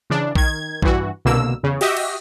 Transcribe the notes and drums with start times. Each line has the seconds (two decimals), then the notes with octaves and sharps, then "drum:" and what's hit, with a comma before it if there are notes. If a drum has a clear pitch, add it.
0.10 C#3 E3 D4
0.35 D#3 G#6, drum: kick A#1
0.82 G2 E3 F#4, drum: kick A#1
1.25 C2 B2 D3 A#3 E6
1.63 E2 C#3
1.81 F#4 G4 D#5 E5, drum: open hi-hat
1.97 drum: cymbal